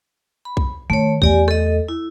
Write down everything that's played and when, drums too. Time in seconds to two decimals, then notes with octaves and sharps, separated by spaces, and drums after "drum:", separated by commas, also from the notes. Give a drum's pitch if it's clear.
0.45 B5
0.57 drum: kick B1
0.90 D#3 A3 C#5
1.22 E2 A3 G4 D5 G#5, drum: kick B1
1.48 A4 D#5, drum: rim click
1.88 E4